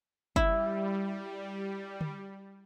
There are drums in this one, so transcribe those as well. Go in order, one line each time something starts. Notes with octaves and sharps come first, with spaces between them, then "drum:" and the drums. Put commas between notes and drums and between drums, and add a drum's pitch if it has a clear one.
G3 E4, drum: kick F#1
drum: tom D3